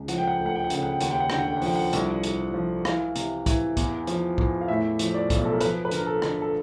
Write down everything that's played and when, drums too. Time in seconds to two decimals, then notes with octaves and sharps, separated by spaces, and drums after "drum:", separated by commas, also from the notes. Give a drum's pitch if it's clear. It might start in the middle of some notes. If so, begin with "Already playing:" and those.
Already playing: C#2
0.08 F3 F#5, drum: hi-hat
0.18 G5
0.28 F#5
0.36 D2 G5
0.46 F#5
0.55 G5
0.64 F#5
0.70 C#3 G5, drum: hi-hat
0.83 F#5
0.92 G5
1.01 D#2 F#5, drum: hi-hat
1.11 G5
1.20 F#5
1.30 D3 G5, drum: rim click
1.38 F#5
1.48 G5
1.57 F#5
1.62 F3 G5, drum: open hi-hat
1.76 F#5
1.93 C2, drum: hi-hat
2.24 C2, drum: hi-hat
2.54 F3
2.85 E3 F5, drum: rim click
3.16 C3, drum: hi-hat
3.46 E3, drum: kick, hi-hat
3.77 E2, drum: kick, hi-hat
4.07 F3, drum: hi-hat
4.38 E2, drum: kick
4.61 F5
4.68 A2 E5
4.99 F3, drum: hi-hat
5.14 D5
5.30 B1, drum: kick, hi-hat
5.45 A4
5.53 A#4
5.61 F3 B4, drum: hi-hat
5.85 B4
5.91 D3 A#4, drum: hi-hat
6.06 A4
6.22 D3, drum: rim click
6.42 A4